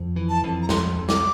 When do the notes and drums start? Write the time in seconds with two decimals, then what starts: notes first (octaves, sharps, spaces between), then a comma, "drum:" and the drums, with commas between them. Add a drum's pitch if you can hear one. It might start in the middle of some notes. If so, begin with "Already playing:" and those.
Already playing: F2
0.16 E3
0.29 A5
0.43 F2
0.62 A#5
0.69 F2 C6, drum: snare
0.96 F2
1.09 D6, drum: snare